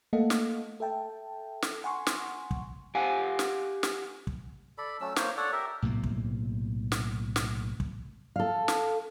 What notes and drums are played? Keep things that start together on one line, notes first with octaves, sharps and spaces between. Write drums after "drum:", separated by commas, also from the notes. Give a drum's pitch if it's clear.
A3 A#3 A4 D#5 F5 F#5
drum: snare
A4 E5 G5 A5
drum: snare
F#5 G#5 C6 C#6
drum: snare
drum: kick
G4 F5 F#5 G#5
drum: snare
drum: snare
drum: kick
A4 D5 B5
F#3 A3 C#4 E6
A#3 C5 C#5, drum: snare
A4 C#5 D5 F#5
G4 A#4 E5
B1 A2 C3 A#3
drum: kick
drum: snare
drum: snare
drum: kick
A4 F5
drum: snare